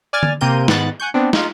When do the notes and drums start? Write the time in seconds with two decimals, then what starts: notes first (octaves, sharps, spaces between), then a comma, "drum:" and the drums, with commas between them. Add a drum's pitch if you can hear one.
0.13 D5 G#5 F6 G#6 A6
0.23 drum: tom D3
0.41 C3 A#3 C4 A#4 G6 D#7
0.68 G#2 D#3 B3 F#5 F#6 A6, drum: snare
1.00 F#5 G#5 C#6 G6
1.14 B3 C4 D4
1.33 D#4 F4, drum: snare